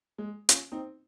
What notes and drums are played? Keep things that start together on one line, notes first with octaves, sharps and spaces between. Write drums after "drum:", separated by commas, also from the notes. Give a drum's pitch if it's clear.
G#3
C#4 F4, drum: hi-hat
C4 D#4